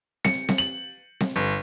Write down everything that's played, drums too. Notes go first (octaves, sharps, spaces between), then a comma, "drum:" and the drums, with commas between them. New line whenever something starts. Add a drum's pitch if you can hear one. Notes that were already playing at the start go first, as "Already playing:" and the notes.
C#7, drum: snare C4
drum: snare C4
F#7
drum: snare C4
G1